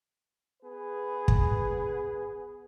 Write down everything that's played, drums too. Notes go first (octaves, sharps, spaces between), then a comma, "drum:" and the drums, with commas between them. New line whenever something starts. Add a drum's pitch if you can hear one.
B3 G#4 B4
drum: kick